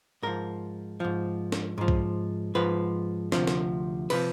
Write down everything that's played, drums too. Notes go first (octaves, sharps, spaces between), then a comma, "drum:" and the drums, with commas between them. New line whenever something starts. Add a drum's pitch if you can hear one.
G#2 F3 A#4
G#2 F3
drum: snare
G#2 F3
drum: kick B1
G#2 F3 B4
D2 C3 F3, drum: snare
drum: snare
C3 F3 B4, drum: cymbal